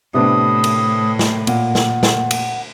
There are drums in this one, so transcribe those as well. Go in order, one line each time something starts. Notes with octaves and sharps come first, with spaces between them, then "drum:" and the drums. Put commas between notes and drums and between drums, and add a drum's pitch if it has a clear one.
A2 C3 B3 D4 D#6
drum: cymbal
drum: snare
A#2 F#5, drum: cymbal
drum: snare
drum: snare
drum: cymbal